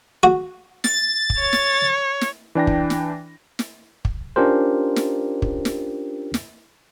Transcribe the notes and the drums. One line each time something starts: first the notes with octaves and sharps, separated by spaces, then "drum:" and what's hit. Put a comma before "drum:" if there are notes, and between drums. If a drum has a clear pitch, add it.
F#4
A6, drum: snare
drum: kick
C#5
drum: snare
drum: snare
E3 D4 G5 A#6
drum: kick
drum: snare
drum: snare
drum: kick
C#4 D4 F4 G4 A#4 C5
drum: snare
drum: kick
drum: snare
drum: snare